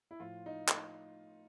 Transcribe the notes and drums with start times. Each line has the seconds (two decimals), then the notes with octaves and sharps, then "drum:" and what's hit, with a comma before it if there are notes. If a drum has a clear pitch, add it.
0.11 E4
0.20 A2 F3 F4
0.46 D#4
0.68 drum: clap